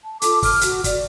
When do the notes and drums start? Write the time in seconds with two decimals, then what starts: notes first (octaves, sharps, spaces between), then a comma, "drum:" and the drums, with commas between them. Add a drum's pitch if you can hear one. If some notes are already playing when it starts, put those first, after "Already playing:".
0.04 A5
0.22 F4 A4 A5 D6, drum: hi-hat
0.43 F6, drum: kick, open hi-hat
0.61 F#4, drum: hi-hat
0.84 D5, drum: kick, hi-hat